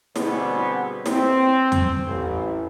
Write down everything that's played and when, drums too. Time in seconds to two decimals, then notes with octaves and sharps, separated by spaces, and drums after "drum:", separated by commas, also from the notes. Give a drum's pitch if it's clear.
0.16 B2 D3 G3 B3 C4 G#4, drum: snare
1.06 C4, drum: snare
1.72 drum: tom E2
2.06 A1